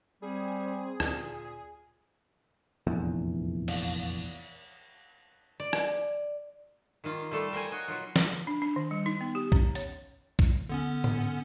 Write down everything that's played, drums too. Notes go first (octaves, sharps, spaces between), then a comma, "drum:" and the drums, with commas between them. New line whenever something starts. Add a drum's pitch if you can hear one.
G3 C4 G#4
D2 A#2, drum: rim click
F1 A#1 E2
drum: cymbal
D5
drum: rim click
D#3 A#3 F4
G3 A3 F4 A4
A#4 C5 G5 G#5
F#4 C#5 D#5
B2 F#3 F4
drum: snare
D4
D4
D#3
G3
D#4
B3
G4
C#4, drum: kick A#1
C#5, drum: hi-hat
drum: kick A#1
D3 B3 C#4
drum: tom G#2